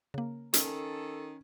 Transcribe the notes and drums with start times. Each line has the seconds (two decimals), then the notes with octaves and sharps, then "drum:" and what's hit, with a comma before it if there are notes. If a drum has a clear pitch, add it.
0.14 C#3 A#3
0.54 D#3 C#4 A4, drum: hi-hat